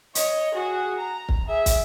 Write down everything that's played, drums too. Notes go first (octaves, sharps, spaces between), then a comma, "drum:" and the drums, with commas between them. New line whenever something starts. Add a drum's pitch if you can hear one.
C#5 D#5, drum: hi-hat
F#4 G#4
A#5
drum: kick
G#4 E5
drum: kick, hi-hat